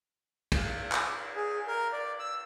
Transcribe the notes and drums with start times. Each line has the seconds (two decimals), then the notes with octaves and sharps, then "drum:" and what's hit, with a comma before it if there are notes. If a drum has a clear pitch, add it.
0.52 drum: kick, cymbal
0.92 drum: clap
1.35 G#4
1.67 A#4
1.92 D5
2.20 E6